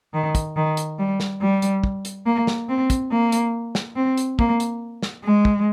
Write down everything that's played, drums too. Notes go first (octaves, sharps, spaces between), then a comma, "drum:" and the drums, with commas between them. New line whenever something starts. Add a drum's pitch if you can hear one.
D#3
drum: kick, hi-hat
D#3
drum: hi-hat
G3
drum: snare
G3
drum: hi-hat
drum: kick
drum: hi-hat
A#3
drum: snare
C4
drum: kick, hi-hat
A#3
drum: hi-hat
drum: snare
C4
drum: hi-hat
A#3, drum: kick
drum: hi-hat
drum: snare
G#3
drum: kick